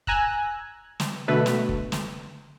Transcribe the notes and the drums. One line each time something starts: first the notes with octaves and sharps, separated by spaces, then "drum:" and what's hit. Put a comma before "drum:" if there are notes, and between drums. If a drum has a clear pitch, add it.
G#5 A#5 E6 F#6, drum: kick
drum: snare
B2 D3 A3 B4
drum: snare
drum: kick
drum: snare